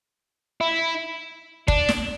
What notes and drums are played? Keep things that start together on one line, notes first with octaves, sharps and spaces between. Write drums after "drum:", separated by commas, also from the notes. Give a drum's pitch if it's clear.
E4
D4, drum: kick
drum: snare